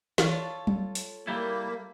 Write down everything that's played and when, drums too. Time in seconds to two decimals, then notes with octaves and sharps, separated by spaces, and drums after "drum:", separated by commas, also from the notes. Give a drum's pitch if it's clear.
0.18 E3 F4 A4 C#5 F5, drum: snare
0.67 drum: tom F#3
0.95 drum: hi-hat
1.27 G3 A#3 E4